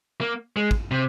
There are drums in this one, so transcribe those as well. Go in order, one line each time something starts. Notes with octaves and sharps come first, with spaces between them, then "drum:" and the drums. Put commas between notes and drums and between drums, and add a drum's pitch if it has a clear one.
A#3
G#3
drum: kick
C3